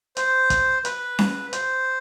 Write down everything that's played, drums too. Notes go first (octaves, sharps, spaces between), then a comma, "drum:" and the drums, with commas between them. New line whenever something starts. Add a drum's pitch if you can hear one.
C5, drum: hi-hat
drum: kick, hi-hat
B4, drum: hi-hat
drum: snare C#4
C5, drum: hi-hat